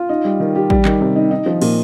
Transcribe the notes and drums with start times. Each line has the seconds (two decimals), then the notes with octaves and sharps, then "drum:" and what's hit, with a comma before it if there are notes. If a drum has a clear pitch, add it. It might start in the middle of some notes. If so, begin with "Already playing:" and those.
Already playing: F4
0.09 D#4
0.25 G3
0.40 D#3
0.55 G4
0.70 G3, drum: kick A1
0.85 D#3, drum: clap
1.01 C3
1.16 D#4
1.31 D#4
1.46 F3
1.62 A#2, drum: cymbal